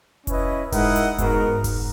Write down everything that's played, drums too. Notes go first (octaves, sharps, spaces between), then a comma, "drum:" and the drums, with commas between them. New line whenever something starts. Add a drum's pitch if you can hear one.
C#4 E4 B4 D#5, drum: kick F1, hi-hat
G#2 E4 A#4 D#5 F#5, drum: kick F1, open hi-hat
drum: hi-hat
G#2 B3 F#4 A#4, drum: kick F1, hi-hat
drum: kick F1, open hi-hat